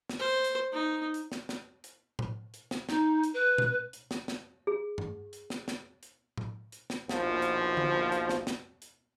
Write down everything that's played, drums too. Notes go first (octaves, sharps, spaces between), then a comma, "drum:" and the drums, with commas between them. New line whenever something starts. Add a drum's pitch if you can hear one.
drum: snare
C5
drum: hi-hat
D#4
drum: hi-hat
drum: snare
drum: snare
drum: hi-hat
drum: tom A2
drum: hi-hat
drum: snare
D#4, drum: snare
drum: hi-hat
B4
drum: tom A#2
drum: hi-hat
drum: snare
drum: snare
G#4
drum: tom G2
drum: hi-hat
drum: snare
drum: snare
drum: hi-hat
drum: tom A2
drum: hi-hat
drum: snare
A#1 D#2 B2 F3, drum: snare
drum: hi-hat
drum: tom D3
drum: hi-hat
drum: snare
drum: snare
drum: hi-hat